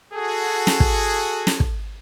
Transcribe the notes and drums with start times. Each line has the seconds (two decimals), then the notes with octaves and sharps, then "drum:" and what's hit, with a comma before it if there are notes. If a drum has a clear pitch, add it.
0.14 F#4 G#4 A4
0.67 drum: snare
0.80 drum: kick
1.47 drum: snare
1.60 drum: kick